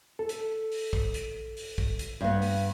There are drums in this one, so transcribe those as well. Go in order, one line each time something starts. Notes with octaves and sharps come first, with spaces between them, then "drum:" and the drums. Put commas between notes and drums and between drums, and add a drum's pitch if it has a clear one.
A4
drum: hi-hat
drum: open hi-hat
drum: kick A#1
drum: hi-hat
drum: open hi-hat
drum: kick A#1
drum: hi-hat
G2 B3
drum: open hi-hat